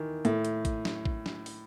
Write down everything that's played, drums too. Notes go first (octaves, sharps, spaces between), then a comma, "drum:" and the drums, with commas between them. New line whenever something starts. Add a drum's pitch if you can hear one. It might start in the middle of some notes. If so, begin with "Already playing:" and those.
Already playing: D#3 E3
A2, drum: hi-hat
drum: hi-hat
drum: kick A1, hi-hat
drum: snare
drum: kick A1
drum: snare
drum: open hi-hat